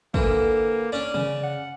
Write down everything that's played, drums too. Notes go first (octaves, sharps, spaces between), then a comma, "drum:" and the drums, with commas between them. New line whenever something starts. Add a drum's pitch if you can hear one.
D3 E3 A#3, drum: kick
C#4 D4 D5
C#3, drum: tom D3
F#5